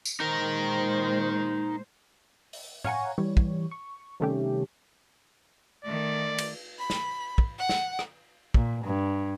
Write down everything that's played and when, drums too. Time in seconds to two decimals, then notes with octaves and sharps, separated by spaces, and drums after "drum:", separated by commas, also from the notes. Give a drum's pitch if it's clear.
0.05 drum: tambourine
0.20 A#2 G#3 D#4 A#4 C5
2.53 drum: open hi-hat
2.84 C#5 F5 F#5 G#5 A#5 C#6, drum: tom A2
3.18 E3 G3 C#5
3.37 drum: kick
3.71 C#6
4.20 C3 D#3 G3 A3 C#4 G4
5.85 D#3 A3 D5
6.38 drum: cymbal
6.79 B5
6.90 drum: snare
7.38 drum: kick
7.59 F#5
7.69 drum: snare
7.99 drum: rim click
8.54 A#2, drum: kick
8.84 G2